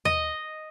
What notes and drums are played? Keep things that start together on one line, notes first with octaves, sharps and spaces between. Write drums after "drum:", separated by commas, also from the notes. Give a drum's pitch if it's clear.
D#5, drum: tom D#2